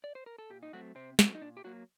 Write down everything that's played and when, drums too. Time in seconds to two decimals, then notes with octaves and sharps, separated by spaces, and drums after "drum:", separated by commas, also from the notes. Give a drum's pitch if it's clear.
0.04 D5
0.15 C5
0.26 A#4
0.38 A4
0.50 A#2 G4
0.63 D#4
0.73 F#3 A3 C4 F#4
0.95 C3 C4
1.19 F#3 A3 C4, drum: snare
1.35 D#4
1.41 A#2 D4
1.57 G4
1.64 F#3 A#3 F#4